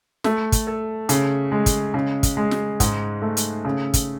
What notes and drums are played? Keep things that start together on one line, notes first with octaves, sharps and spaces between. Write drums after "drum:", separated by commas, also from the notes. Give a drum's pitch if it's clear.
A3, drum: snare
drum: kick, hi-hat
A4
C#3, drum: hi-hat
G#3
drum: kick, hi-hat
C#3
drum: kick, hi-hat
G#3
drum: snare
G#2, drum: kick, hi-hat
A3
drum: hi-hat
C#3
drum: kick, hi-hat